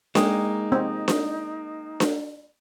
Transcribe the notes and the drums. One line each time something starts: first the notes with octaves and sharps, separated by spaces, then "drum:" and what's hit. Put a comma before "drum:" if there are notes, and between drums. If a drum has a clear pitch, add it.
G#3 A#3 D#4 G5 D#6, drum: snare D4
C4
drum: snare D4
drum: snare D4